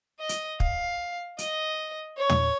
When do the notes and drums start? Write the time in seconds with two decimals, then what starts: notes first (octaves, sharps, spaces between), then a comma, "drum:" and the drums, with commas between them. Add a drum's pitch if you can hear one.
0.20 D#5
0.29 drum: hi-hat
0.60 F5, drum: kick
1.38 D#5, drum: hi-hat
2.17 C#5
2.30 drum: tom